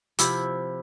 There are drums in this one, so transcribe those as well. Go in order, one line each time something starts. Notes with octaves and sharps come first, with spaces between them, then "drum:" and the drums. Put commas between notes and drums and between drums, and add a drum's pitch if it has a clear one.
C3 F3 E4, drum: hi-hat